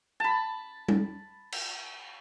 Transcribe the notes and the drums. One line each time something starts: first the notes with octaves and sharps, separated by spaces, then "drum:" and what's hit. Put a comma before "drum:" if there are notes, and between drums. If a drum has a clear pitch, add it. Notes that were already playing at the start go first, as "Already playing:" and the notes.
A5 B5
drum: tom G3
drum: cymbal